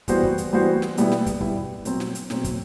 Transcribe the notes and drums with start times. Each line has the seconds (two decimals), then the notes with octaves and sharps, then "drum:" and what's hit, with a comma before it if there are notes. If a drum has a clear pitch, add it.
0.08 E3 G3 B3 F#4 C5, drum: kick, hi-hat
0.23 drum: kick
0.38 drum: hi-hat
0.52 E3 G3 B3 F#4 C5
0.82 drum: snare
0.97 B2 G3 B3 E4, drum: hi-hat
1.12 drum: snare
1.26 drum: kick, hi-hat
1.41 B2 G3 B3 E4, drum: kick
1.85 B2 F#3 C4, drum: hi-hat
2.00 drum: snare
2.15 drum: hi-hat
2.30 B2 F#3 C4, drum: snare
2.44 drum: kick, hi-hat